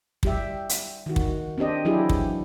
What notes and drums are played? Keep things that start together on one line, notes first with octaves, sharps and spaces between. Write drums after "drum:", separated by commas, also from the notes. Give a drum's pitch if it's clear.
G3 G4 E5, drum: kick
drum: hi-hat
D#3 F#4
drum: kick
C4 D4 G4 D#5
E3 F#3 D4 E4 G4 G#4
drum: kick